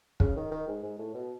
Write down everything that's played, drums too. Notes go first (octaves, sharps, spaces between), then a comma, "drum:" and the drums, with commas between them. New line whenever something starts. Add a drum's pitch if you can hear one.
C#3, drum: kick
D#3
D#3
G#2
G#2
A2
B2